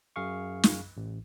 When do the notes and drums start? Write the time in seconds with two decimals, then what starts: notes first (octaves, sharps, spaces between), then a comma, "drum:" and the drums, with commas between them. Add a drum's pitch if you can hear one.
0.16 F#2 G#4 F5 C#6
0.63 drum: snare
0.97 A1